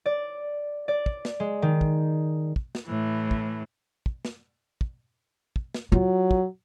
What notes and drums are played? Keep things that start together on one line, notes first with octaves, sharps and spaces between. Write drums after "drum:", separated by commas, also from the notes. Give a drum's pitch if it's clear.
D5
D5
drum: kick
drum: snare
G#3
D#3
drum: kick
drum: kick
drum: snare
A2 E3
drum: kick
drum: kick
drum: snare
drum: kick
drum: kick
drum: snare
F#3 F4
drum: kick